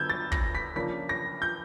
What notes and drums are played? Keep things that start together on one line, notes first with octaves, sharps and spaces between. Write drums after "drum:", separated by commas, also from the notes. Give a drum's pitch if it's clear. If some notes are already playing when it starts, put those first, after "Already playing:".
Already playing: D3 F#3 B3 E6 G6 G#6
A6
A#6, drum: kick
B6
C#3 F3 A#3 D4 B6
A#6
G6